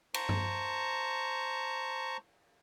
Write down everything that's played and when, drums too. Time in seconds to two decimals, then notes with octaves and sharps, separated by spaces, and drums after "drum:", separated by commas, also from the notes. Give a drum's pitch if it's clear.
0.14 C5 A5 A#5 C#6, drum: cymbal
0.29 drum: tom G2